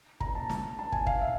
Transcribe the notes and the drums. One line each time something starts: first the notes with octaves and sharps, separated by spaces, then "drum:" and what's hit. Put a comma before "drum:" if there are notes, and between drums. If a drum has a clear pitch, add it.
A#5, drum: kick
A5
drum: snare
A5
G#5, drum: kick
F5, drum: kick
E5